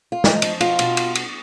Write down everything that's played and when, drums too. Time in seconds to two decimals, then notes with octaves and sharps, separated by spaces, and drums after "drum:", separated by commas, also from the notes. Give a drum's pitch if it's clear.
0.12 F4
0.24 F3 D#4, drum: snare
0.42 F3, drum: cymbal
0.61 B2 F4, drum: cymbal
0.79 B2, drum: cymbal
0.97 drum: cymbal
1.15 drum: cymbal